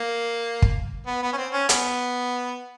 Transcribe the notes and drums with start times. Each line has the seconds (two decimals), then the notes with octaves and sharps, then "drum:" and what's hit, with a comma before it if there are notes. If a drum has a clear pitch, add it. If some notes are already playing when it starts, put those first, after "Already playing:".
Already playing: A#3
0.62 drum: kick
1.07 B3
1.23 B3
1.33 C#4
1.37 C4
1.53 C#4
1.69 B3, drum: hi-hat